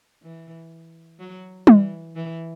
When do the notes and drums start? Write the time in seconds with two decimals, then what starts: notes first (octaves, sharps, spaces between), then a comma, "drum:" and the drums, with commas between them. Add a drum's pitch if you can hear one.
0.22 E3
1.20 F#3
1.67 E3, drum: tom G3
2.16 E3